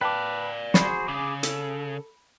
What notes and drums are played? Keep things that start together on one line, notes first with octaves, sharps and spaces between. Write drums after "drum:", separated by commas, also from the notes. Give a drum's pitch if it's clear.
B4 D5 F5 G5 A5 D6
F#4 G#4 C5 B5, drum: snare
C#3 G#4 D6
A4, drum: hi-hat